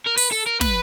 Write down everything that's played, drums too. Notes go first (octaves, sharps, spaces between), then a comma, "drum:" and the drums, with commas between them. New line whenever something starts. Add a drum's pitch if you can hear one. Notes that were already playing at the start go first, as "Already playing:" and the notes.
A#4
B4, drum: open hi-hat
A4
A#4
B4, drum: snare